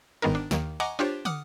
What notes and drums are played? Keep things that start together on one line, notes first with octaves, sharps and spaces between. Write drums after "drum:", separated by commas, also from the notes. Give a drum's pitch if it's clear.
G1 G#2 D#3 B3 D#4 A#4
D4
D#2 D#3 A#3, drum: snare
D#5 F#5 G#5 A#5 C#6 D6
D4 F4 G4 C5 C#5
F#5 D6 D#6 F6, drum: tom